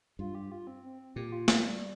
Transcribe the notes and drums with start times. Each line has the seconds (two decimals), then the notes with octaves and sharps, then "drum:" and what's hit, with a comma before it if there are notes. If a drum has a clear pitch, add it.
0.19 G2 F4
0.35 G4
0.52 F4
0.67 C4
0.83 C4
1.16 A#2 G4
1.32 F4
1.48 C4, drum: snare
1.64 G3